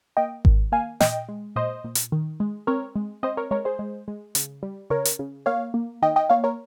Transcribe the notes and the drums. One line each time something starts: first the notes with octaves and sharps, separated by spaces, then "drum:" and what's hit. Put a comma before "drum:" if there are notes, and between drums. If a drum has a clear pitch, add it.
A#3 D#5 G5
D#3, drum: kick G#1
A#3 F5 G#5
A#2 D#5 G5, drum: snare
G#3
A#2 C5 D#5
A#2
drum: hi-hat
D#3
G#3
C4 A#4 C#5
G#3
C4 C5 D#5
A#4 C#5
G#3 A#4 C#5
G#4 C5
G#3
G#3
C#3, drum: hi-hat
G3
C#3 A#4 C#5
drum: hi-hat
C#3
A#3 C#5 F5
A#3
D#3 D#5 G5
D#5 G5
A#3 C#5 F5
A#4 C#5